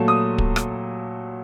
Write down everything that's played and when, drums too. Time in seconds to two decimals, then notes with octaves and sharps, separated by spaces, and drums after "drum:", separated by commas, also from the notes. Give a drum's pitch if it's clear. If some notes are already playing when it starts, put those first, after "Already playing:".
Already playing: A#2 F#3 A3 A5
0.08 D#6
0.38 drum: kick
0.56 drum: rim click